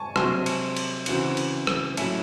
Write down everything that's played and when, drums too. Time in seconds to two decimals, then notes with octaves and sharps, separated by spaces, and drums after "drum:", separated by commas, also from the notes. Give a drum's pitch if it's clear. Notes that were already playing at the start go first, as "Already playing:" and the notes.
Already playing: G#5 A5 C#6
0.16 C3 F#3 C4 G#5 C6, drum: rim click
0.46 drum: cymbal
0.77 drum: cymbal
1.06 C#3 E3 C4 F#4 C5, drum: cymbal
1.37 drum: cymbal
1.67 drum: rim click
1.97 A2 F#3 A3 C#4 E4 E5 G#5, drum: cymbal